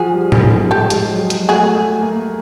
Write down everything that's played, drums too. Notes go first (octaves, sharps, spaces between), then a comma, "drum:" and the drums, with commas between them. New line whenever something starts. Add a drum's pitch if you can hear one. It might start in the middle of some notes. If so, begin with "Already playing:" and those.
Already playing: F3 F#4 G#4
G3
G#3, drum: tom A2
G3
G4 A4
G#3, drum: hi-hat
F#3
G#3, drum: hi-hat
A3 F#4 G#4
A3
A#3